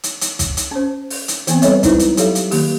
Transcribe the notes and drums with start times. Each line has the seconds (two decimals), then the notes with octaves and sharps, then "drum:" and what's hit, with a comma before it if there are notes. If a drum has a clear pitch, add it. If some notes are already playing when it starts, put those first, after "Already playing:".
0.03 drum: hi-hat
0.21 drum: hi-hat
0.39 drum: kick, hi-hat
0.57 drum: hi-hat
0.71 C#4 C5
1.10 drum: open hi-hat
1.28 drum: hi-hat
1.47 E3 B3 C4, drum: hi-hat
1.62 G3 A4 B4 C#5 D#5 E5, drum: hi-hat
1.83 G#3 D#4 E4 B4 C5, drum: kick, hi-hat
1.99 drum: hi-hat
2.17 F#3 G4 A4 E5 F5, drum: hi-hat
2.35 drum: hi-hat
2.51 D#3 A#3 G4, drum: open hi-hat